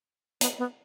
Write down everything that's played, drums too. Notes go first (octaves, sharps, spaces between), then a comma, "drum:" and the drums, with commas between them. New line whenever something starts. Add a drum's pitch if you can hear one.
B3, drum: hi-hat
B3